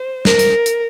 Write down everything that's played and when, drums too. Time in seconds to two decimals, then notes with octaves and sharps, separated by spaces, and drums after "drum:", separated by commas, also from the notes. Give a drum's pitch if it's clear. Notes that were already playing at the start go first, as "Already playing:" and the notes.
Already playing: C5
0.25 A#4, drum: snare
0.39 drum: hi-hat
0.66 drum: hi-hat